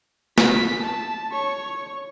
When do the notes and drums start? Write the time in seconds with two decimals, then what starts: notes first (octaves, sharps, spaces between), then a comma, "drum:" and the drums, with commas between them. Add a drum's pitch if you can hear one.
0.38 B6, drum: snare
0.83 A5
1.32 C#5 C#6